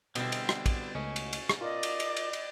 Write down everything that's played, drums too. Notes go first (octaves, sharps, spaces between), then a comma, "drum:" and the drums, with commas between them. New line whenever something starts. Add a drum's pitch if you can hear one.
B2 D3 G3 C4 E4, drum: cymbal
drum: cymbal
drum: rim click
drum: kick, cymbal
C#2 A3 C#4 D#5
drum: cymbal
drum: cymbal
drum: rim click
F4 A#4 D5 D#5 D6
drum: cymbal
drum: cymbal
drum: cymbal
drum: cymbal